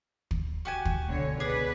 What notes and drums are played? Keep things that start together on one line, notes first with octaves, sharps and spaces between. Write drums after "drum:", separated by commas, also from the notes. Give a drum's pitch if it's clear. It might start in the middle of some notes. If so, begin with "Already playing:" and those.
drum: kick
F#4 G4 G#5
drum: kick
C#2 B2 D3 C#5
B3 G#4 B4 D5